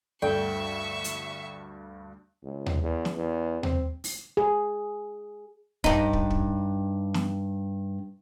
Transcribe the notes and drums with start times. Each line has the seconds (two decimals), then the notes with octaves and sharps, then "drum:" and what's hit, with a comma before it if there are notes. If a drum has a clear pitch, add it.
0.22 D2 G2 A4 D5 E5 G5 C#6
1.04 drum: hi-hat
2.44 C#2
2.66 drum: tom D#2
2.82 E2
3.05 drum: snare
3.17 E2
3.63 C4, drum: tom D#2
4.04 drum: open hi-hat
4.37 G#4
5.84 G2 D#4, drum: kick
6.13 drum: kick
6.31 drum: kick
7.14 drum: snare